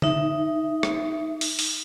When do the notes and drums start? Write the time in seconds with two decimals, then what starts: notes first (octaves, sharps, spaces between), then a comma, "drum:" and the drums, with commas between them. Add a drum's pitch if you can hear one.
0.02 D#4 E5, drum: tom D3
0.83 drum: rim click
1.41 drum: open hi-hat
1.59 drum: open hi-hat